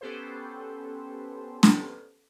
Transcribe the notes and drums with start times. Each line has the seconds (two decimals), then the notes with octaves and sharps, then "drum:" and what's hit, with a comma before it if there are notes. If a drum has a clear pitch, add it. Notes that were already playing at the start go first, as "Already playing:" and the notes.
0.01 B3 C#4 G4 A4 B4 C5
1.63 drum: snare